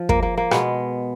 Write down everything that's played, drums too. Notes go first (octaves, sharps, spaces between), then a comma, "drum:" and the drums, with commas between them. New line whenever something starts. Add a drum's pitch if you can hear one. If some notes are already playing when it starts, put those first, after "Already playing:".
Already playing: F3
A#3, drum: kick
A#3
A#3
B2 G#3 B3, drum: rim click